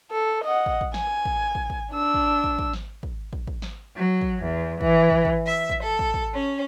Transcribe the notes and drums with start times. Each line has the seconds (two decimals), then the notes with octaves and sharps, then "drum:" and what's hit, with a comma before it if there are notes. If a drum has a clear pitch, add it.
0.11 A4
0.45 D#5 F#5
0.66 drum: kick
0.81 drum: kick
0.94 G#5, drum: snare
1.25 drum: kick
1.55 drum: kick
1.70 drum: kick
1.92 D4 E6
2.14 drum: kick
2.44 drum: kick
2.59 drum: kick
2.73 drum: snare
3.03 drum: kick
3.33 drum: kick
3.47 drum: kick
3.62 drum: snare
3.95 F#3
4.21 drum: kick
4.42 E2
4.81 E3, drum: kick
5.10 drum: kick
5.25 drum: kick
5.45 E5
5.69 drum: kick
5.82 A4
5.99 drum: kick
6.14 drum: kick
6.34 C#4